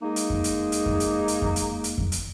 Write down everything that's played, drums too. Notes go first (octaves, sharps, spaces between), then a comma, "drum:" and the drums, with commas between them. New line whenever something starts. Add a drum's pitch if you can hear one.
G#3 A#3 D#4
drum: hi-hat
drum: kick F2
drum: hi-hat
drum: hi-hat
drum: kick F2
drum: hi-hat
drum: hi-hat
drum: kick F2
drum: hi-hat
drum: hi-hat
drum: kick F2
drum: hi-hat